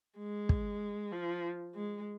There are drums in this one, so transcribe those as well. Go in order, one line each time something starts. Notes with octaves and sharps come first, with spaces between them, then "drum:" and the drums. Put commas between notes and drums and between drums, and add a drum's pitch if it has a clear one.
G#3
drum: kick
F3
G#3